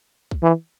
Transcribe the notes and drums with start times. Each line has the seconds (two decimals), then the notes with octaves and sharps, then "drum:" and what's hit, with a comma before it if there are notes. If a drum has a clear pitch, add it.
0.31 drum: kick
0.43 E3